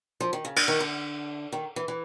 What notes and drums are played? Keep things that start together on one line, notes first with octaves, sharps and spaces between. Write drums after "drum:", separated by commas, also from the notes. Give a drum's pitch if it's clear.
F3
D#3
C#3
D3, drum: cymbal
D#3
D3
D#3
E3
E3